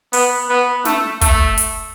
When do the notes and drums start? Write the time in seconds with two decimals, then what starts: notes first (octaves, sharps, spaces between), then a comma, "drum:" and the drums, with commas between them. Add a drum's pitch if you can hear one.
0.13 B3, drum: open hi-hat
0.49 B3
0.85 A3, drum: snare
1.21 A3, drum: kick, hi-hat
1.58 drum: hi-hat